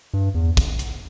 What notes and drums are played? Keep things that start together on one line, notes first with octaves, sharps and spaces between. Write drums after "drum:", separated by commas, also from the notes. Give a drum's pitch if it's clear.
G2
E2
drum: kick, hi-hat
drum: hi-hat